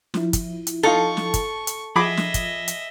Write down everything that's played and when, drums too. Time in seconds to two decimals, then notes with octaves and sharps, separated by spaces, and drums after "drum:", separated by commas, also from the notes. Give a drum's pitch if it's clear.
0.14 F3 E4, drum: snare
0.33 drum: kick, hi-hat
0.67 drum: hi-hat
0.83 D#4 F4 A4 C#6
1.17 drum: snare
1.34 drum: kick, hi-hat
1.67 drum: hi-hat
1.96 F3 G#4 D#5 E5 B5 D6
2.17 drum: snare
2.34 drum: kick, hi-hat
2.68 drum: hi-hat